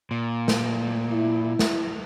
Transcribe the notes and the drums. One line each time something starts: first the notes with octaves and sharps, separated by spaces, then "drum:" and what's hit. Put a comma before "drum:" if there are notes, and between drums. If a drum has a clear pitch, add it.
A#2
drum: snare
E4
drum: snare